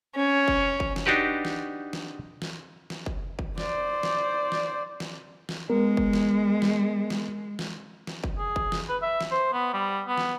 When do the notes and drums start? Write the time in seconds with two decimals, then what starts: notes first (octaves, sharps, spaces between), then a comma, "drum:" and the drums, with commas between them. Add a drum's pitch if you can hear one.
0.16 C#4
0.48 drum: kick
0.80 drum: kick
0.96 drum: snare
1.06 D4 D#4 F#4 G4 B4
1.45 drum: snare
1.93 drum: snare
2.42 drum: snare
2.90 drum: snare
3.06 drum: kick
3.39 drum: kick
3.58 C5 D5, drum: snare
4.03 drum: snare
4.52 drum: snare
5.00 drum: snare
5.49 drum: snare
5.70 G#3 B3 A#4
5.97 drum: kick
6.13 drum: snare
6.62 drum: snare
7.10 drum: snare
7.59 drum: snare
8.07 drum: snare
8.24 drum: kick
8.38 G#4
8.56 drum: kick
8.72 drum: snare
8.89 B4
9.02 E5
9.21 drum: snare
9.31 C5
9.53 B3
9.73 G3
10.08 B3
10.18 drum: snare